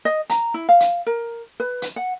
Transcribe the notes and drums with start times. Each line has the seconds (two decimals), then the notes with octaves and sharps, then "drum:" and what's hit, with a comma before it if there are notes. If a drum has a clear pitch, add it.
0.05 D#5
0.30 A#5, drum: hi-hat
0.54 E4
0.69 F5
0.80 drum: hi-hat
1.07 A#4
1.60 B4
1.82 drum: hi-hat
1.96 F#5